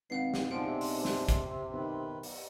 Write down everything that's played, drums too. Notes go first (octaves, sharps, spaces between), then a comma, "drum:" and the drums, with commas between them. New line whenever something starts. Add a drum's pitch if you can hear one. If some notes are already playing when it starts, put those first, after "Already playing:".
G#1 B2 F5 F#5 C7
drum: snare
B1 F3 G#3 C4 D4 F#5 D7
C3
drum: open hi-hat
drum: snare
drum: kick, hi-hat
B1 D#3 B4
drum: open hi-hat